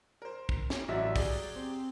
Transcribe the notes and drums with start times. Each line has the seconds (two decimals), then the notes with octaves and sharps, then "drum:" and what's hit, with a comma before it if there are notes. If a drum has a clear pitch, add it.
0.22 A#4 C5
0.49 drum: kick
0.70 drum: snare
0.88 A1 F#3 F#4 D5 E5
1.16 G4 G#4 D5, drum: kick, open hi-hat
1.56 C4